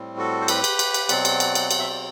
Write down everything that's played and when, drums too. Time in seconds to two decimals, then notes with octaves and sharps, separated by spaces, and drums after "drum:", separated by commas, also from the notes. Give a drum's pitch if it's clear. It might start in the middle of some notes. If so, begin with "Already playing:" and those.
Already playing: A2 G3 C4
0.18 F#4 A4
0.41 C5
0.48 G4 B4, drum: cymbal
0.64 drum: cymbal
0.79 drum: cymbal
0.94 drum: cymbal
1.09 B2 F#3 C4 D5 F#5, drum: cymbal
1.25 drum: cymbal
1.40 drum: cymbal
1.55 drum: cymbal
1.71 F#5, drum: cymbal
1.79 E5
1.89 D5